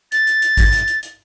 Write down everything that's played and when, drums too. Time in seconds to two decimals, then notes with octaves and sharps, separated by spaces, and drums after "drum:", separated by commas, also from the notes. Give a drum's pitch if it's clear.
0.12 A6, drum: hi-hat
0.27 drum: hi-hat
0.42 drum: hi-hat
0.57 drum: kick G#1, hi-hat
0.73 drum: hi-hat
0.88 drum: hi-hat
1.03 drum: hi-hat